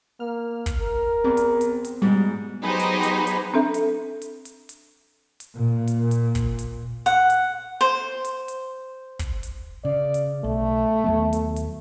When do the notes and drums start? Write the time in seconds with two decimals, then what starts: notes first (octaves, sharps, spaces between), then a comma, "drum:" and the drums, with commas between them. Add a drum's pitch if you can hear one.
0.20 A#3 F6
0.66 drum: kick, hi-hat
0.81 A#4
1.24 E2 C4
1.37 drum: hi-hat
1.61 drum: hi-hat
1.85 drum: hi-hat
2.02 G#2 B2 G3
2.63 F#3 B3 D#4 G4 G#4 C5 B5
2.79 drum: hi-hat
3.03 drum: hi-hat
3.27 drum: hi-hat
3.54 C4 D4 A4 E5
3.74 drum: hi-hat
4.22 drum: hi-hat
4.45 drum: hi-hat
4.69 drum: hi-hat
5.40 drum: hi-hat
5.56 A#2
5.88 drum: hi-hat
6.11 drum: hi-hat
6.35 drum: kick, hi-hat
6.59 drum: hi-hat
7.06 F#5, drum: hi-hat
7.30 drum: hi-hat
7.81 C5
8.25 drum: hi-hat
8.48 drum: hi-hat
9.19 drum: kick, hi-hat
9.43 drum: hi-hat
9.85 C#3 D5
10.14 drum: hi-hat
10.44 B1 A3
11.04 D#2 F#3 B3
11.33 drum: hi-hat
11.56 drum: hi-hat